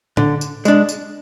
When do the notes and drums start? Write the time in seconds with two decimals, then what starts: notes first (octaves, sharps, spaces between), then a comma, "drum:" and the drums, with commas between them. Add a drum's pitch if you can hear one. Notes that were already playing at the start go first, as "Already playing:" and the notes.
0.17 D3, drum: tom A2
0.41 drum: tambourine
0.65 G#3 D4, drum: tambourine
0.89 drum: tambourine